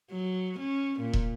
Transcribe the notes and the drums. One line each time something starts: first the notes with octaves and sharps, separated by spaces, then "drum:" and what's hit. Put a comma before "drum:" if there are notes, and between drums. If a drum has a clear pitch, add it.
F#3
C#4
A#2
drum: kick